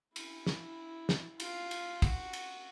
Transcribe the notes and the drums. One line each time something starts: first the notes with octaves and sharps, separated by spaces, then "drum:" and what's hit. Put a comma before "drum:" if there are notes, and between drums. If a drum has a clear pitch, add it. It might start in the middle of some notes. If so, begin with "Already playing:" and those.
E4, drum: cymbal
drum: snare
drum: snare
F4, drum: cymbal
drum: cymbal
F#4, drum: kick, cymbal
drum: cymbal